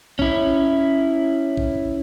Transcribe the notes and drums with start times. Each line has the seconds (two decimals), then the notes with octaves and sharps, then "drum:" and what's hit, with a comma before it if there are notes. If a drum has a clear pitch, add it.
0.19 C#4 E4, drum: kick A1
1.57 drum: kick A1